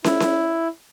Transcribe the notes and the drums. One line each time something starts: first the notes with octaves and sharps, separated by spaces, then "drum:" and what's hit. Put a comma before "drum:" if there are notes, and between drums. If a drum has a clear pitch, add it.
E4, drum: snare
drum: snare